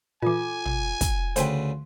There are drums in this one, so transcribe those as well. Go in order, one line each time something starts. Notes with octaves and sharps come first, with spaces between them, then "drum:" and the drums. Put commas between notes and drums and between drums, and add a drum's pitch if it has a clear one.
A#2 E3 F4 A4 G#5 D6
drum: tom
drum: kick, hi-hat
D2 C#3 B4 C5 G5 C6, drum: hi-hat